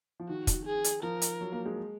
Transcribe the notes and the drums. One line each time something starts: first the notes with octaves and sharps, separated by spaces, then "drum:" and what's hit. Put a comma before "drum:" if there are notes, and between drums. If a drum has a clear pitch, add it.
F3
D#3 F#4
drum: kick, hi-hat
G#4
drum: hi-hat
F3 A#4
drum: hi-hat
F#3
A#3
G#3